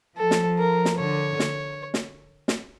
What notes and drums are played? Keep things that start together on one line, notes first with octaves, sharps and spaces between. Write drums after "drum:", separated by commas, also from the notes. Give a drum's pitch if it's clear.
F3 A4
drum: snare
A#4
drum: snare
D3 C#5
drum: snare
drum: snare
drum: snare